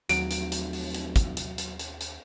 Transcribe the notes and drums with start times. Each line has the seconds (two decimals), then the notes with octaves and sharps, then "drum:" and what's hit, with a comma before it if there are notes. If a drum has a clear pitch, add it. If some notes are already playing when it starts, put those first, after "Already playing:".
0.09 F1 D#2 F#3 F#4 D7, drum: hi-hat
0.31 drum: hi-hat
0.52 drum: hi-hat
0.73 drum: open hi-hat
0.94 drum: hi-hat
1.16 drum: kick, hi-hat
1.37 drum: hi-hat
1.58 drum: hi-hat
1.79 drum: hi-hat
2.01 drum: hi-hat